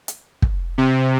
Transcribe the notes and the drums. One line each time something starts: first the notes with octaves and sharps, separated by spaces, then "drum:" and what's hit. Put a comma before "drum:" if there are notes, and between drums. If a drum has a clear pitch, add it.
drum: hi-hat
drum: kick
C3